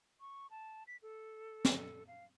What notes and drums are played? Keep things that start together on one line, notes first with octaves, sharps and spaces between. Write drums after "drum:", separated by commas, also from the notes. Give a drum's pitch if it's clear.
C#6
A5
B6
A4
drum: snare
F5